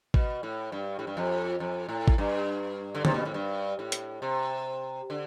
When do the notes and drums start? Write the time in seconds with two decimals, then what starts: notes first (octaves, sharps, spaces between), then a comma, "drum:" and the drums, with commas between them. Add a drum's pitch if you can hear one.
0.14 B2, drum: kick G#1
0.43 A2
0.72 G2
0.99 A2
1.07 G2
1.17 F2
1.60 F2
1.89 A2
2.08 drum: kick G#1
2.18 G2
2.95 D3
3.05 C3, drum: tom D3
3.14 B2
3.25 A2
3.34 G2
3.79 A2
3.92 drum: hi-hat
4.22 C3
5.10 D3